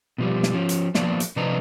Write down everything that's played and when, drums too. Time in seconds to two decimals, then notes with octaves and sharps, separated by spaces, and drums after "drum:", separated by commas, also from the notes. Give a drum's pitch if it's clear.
0.18 B2 F3 G3
0.43 drum: snare
0.53 F3 C#4
0.69 drum: hi-hat
0.94 F3 A#3 B3 D5 A5, drum: snare
1.20 drum: hi-hat
1.36 C3 F3 D4 B4 D#5 A#5